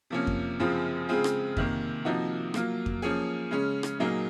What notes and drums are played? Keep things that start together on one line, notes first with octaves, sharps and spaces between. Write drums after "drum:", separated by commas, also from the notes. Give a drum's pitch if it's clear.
C3 F3 A#3 C#4
drum: kick F2
F#2 C#3 F3 C4 F4
C#3 G#3 C4 F4 G#4
drum: rim click
C3 D#3 A#3, drum: kick F2
C3 F3 A#3 D#4 F#4
F#3 A#3 F4, drum: rim click
drum: kick F2
F3 A#3 C#4 G#4
C#3 G#3 C#4
drum: rim click
A#2 F#3 A#3 D#4 G#4